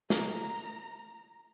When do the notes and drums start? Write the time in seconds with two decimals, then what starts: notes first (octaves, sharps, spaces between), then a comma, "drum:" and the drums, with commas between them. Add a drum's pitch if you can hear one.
0.10 A#5, drum: snare